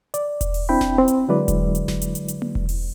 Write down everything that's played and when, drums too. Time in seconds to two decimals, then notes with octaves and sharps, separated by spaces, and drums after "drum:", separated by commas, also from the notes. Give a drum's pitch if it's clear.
0.14 D5, drum: hi-hat
0.41 drum: kick E1, hi-hat
0.54 drum: open hi-hat
0.69 C4 D4 E4 G5 B5
0.81 drum: snare E1
0.98 C4
1.08 drum: hi-hat
1.28 D3 F#3 G#3 E4 B4 D5
1.48 drum: kick E1, hi-hat
1.75 drum: hi-hat
1.88 drum: snare E1
2.02 drum: hi-hat
2.15 drum: hi-hat
2.28 drum: hi-hat
2.42 drum: tom A#3
2.55 drum: kick E1
2.69 drum: open hi-hat